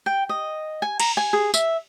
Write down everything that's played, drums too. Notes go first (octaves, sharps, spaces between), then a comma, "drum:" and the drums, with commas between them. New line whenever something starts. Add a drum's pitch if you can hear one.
G5
D#5
G#5
A#5, drum: cymbal
G#5
G#4
E5, drum: tambourine